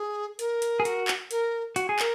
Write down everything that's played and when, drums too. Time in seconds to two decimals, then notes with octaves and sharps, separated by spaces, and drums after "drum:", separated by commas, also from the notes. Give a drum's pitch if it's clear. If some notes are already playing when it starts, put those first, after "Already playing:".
Already playing: G#4
0.39 A#4, drum: hi-hat
0.62 drum: hi-hat
0.80 G#4
0.85 F#4, drum: hi-hat
1.08 drum: clap
1.31 A#4, drum: hi-hat
1.76 F#4, drum: hi-hat
1.89 G#4
1.99 A#4, drum: clap